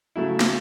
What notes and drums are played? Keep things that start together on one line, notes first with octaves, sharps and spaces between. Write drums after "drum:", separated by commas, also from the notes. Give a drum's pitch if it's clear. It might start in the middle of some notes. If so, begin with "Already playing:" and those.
C#3 F#3 A3 E4
drum: snare